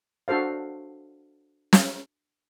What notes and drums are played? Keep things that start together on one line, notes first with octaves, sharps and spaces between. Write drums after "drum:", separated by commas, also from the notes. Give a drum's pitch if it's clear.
D4 F#4 A4 C5 F5
drum: snare